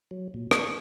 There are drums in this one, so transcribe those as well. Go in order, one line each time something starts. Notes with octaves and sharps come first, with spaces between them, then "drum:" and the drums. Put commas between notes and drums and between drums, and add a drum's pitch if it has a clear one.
F#3
A#2
C#6, drum: rim click